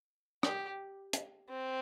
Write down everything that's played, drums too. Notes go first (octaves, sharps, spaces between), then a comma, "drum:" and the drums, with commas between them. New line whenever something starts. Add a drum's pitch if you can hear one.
G4, drum: rim click
drum: hi-hat
C4